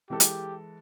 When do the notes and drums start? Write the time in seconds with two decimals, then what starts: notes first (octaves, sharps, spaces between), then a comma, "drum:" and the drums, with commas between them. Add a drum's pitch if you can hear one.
0.10 E3 G#3 G4 A4
0.20 drum: hi-hat